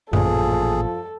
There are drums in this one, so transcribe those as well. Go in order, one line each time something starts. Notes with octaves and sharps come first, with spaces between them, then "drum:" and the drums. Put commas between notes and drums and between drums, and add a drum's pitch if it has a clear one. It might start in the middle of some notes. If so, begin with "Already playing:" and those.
A1 A#2 F3 G#4 A4, drum: tom F#2